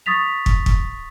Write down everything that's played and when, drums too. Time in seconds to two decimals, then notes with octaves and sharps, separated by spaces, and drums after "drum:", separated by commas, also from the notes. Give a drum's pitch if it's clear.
0.06 C#6 D#6 A6 B6 F7
0.46 drum: kick
0.66 drum: kick